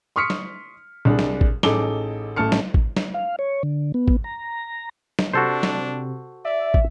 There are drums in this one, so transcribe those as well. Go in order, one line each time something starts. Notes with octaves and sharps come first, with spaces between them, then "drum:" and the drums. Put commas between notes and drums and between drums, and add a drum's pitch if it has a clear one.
C6 C#6 D#6 F6 B6 C#7
drum: snare
C2 D4 G#4
drum: snare
drum: kick
A1 D#4 G#4 A4 D6 G7, drum: snare
A1 A3 C#4 A5 F6 C#7
drum: snare
drum: kick
drum: snare
F5
C#5
D3
B3
drum: kick
A#5
drum: snare
C3 D4 F#4 A4 C5
drum: snare
D5 E5
drum: kick